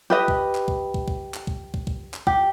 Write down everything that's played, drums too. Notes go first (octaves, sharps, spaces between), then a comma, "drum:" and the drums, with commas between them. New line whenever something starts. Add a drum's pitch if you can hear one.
G4 B4 D#5
drum: kick
drum: clap
drum: kick
drum: kick
drum: kick
drum: clap
drum: kick
drum: kick
drum: kick
drum: clap
G4, drum: kick